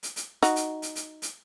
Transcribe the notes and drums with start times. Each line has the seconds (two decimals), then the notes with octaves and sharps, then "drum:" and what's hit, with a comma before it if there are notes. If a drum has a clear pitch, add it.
0.03 drum: hi-hat
0.16 drum: hi-hat
0.43 D#4 F#4, drum: hi-hat
0.56 drum: hi-hat
0.82 drum: hi-hat
0.95 drum: hi-hat
1.22 drum: hi-hat